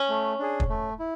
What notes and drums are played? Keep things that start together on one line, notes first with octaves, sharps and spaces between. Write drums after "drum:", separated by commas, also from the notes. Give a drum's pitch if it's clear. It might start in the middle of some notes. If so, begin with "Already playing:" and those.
Already playing: C#4
A3
D4 G#4
drum: kick
A3
E4